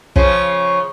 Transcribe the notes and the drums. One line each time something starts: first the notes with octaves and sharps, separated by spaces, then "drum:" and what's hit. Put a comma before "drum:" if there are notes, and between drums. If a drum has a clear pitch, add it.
C#3 F3, drum: kick